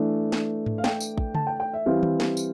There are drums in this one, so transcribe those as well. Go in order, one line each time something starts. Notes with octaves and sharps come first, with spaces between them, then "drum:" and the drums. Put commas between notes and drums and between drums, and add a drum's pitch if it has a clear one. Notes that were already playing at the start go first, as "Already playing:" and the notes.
Already playing: E3 A3 D4
drum: snare
drum: tom G#2
F5
G5, drum: snare
drum: tambourine
drum: kick A1
A5, drum: tom C#3
G5
G5
E5
E3 G3 C4 F5
drum: tom D#3
drum: snare
drum: tambourine